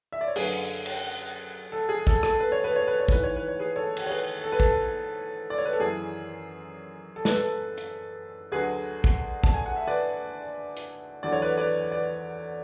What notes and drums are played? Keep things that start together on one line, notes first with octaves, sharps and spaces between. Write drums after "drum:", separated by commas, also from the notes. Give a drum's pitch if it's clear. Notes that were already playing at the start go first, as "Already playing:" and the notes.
E5
D5
C#5
F#2 D3 F#3 G#4 B4, drum: open hi-hat
drum: cymbal
A4
G#4
A4, drum: kick A1
A4, drum: rim click
B4
C#5
B4
C#5
B4
C#5
G#2 E3 B4, drum: kick A1
C#5
B4
C#5
G#4 B4
A4 C#5
drum: cymbal
C#5
G#4 B4
A4
B4
A4, drum: kick A1
D5
C#5
B4
A4
F#2 E3 G#4
A4
B4, drum: snare
A4
drum: hi-hat
D2 D3 F#3 G#4 B4
drum: kick A1
A5, drum: kick A1
G#5
F#5
E5
B4 D5
drum: hi-hat
E2 D3 F#3 D5
C#5
B4 D5
B4 D5
B4 D5